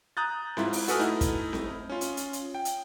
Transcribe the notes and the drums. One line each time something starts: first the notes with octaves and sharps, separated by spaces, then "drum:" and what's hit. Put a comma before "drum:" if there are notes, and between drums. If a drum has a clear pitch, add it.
A#5 D#6 F#6 G6 A6
G#2 E4 F4, drum: snare C4
drum: open hi-hat
F#4 A4 B4 G#5 D#6 F6, drum: hi-hat
A3 D#4 E4
drum: kick, hi-hat
drum: snare C4
C#4 F4
drum: hi-hat
drum: hi-hat
drum: hi-hat
G5
drum: hi-hat